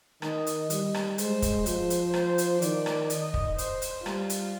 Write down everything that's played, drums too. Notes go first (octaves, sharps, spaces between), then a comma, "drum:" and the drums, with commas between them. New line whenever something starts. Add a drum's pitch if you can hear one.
D#3 D#5, drum: rim click
drum: hi-hat
G3, drum: hi-hat
drum: rim click
G#3 C5, drum: hi-hat
drum: kick, hi-hat
F3 C5, drum: hi-hat
drum: hi-hat
C5, drum: rim click
drum: hi-hat
D#3 D5, drum: hi-hat
drum: rim click
D#5, drum: hi-hat
drum: kick
C5, drum: hi-hat
drum: hi-hat
G3 F4, drum: rim click
drum: hi-hat